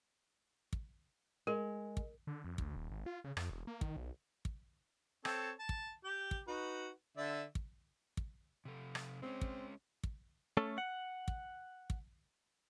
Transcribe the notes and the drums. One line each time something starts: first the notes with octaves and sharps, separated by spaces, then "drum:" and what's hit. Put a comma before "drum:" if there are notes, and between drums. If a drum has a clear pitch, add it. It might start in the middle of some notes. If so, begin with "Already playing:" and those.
drum: kick
G#3 A#4
drum: kick
D3
F2
D2, drum: kick
D#1
G#1
F4
C#3
F2, drum: rim click
E1
A#3
D#3, drum: kick
B1
drum: kick
C4 A4 C#5, drum: rim click
A5
drum: kick
G4 G5
drum: kick
D#4 F#4 B4
D3 D5 E5
drum: kick
drum: kick
C3 A4
drum: rim click
G#3 A#3 C4 C#4
drum: kick
drum: kick
A3 C#4 A4
F#5
drum: kick
drum: kick